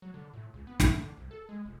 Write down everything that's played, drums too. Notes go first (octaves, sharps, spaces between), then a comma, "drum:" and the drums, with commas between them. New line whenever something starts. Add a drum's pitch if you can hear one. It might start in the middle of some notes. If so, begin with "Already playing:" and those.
F#3
D3
A2
C#2
B3
A3, drum: snare
D3
C2
A4
G#3
F1